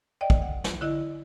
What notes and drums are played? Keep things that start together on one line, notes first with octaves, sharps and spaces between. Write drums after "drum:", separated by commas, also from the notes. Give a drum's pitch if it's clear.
D5 D#5 G5
drum: kick
F#5
drum: snare
D3 E4 D#5